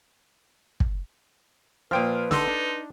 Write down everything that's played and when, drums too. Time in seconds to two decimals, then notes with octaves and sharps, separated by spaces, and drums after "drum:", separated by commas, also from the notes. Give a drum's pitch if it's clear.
0.80 drum: kick
1.91 A#2 F3 B4 C5 G5 F6
2.31 D3 D#4 A4 C6 E6, drum: snare
2.48 D4